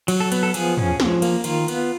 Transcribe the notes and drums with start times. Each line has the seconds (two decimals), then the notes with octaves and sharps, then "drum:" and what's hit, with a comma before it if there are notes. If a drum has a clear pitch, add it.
0.08 F#3, drum: cymbal
0.20 A4
0.32 B3, drum: cymbal
0.43 A4
0.54 F3 G#4, drum: cymbal
0.77 C#4, drum: tom
1.00 F3, drum: snare
1.22 A#3, drum: cymbal
1.44 D#3 F4, drum: cymbal
1.68 B3, drum: cymbal